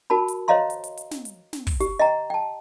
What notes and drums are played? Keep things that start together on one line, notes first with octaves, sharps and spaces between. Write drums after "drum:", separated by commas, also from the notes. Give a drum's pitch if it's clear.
F#4 A#4 A5 B5
drum: hi-hat
C5 C#5 D#5 F5 A#5 C6
drum: hi-hat
drum: hi-hat
drum: hi-hat
drum: snare
drum: hi-hat
drum: snare
drum: kick, open hi-hat
G4, drum: hi-hat
D#5 G5 A#5
G5 A5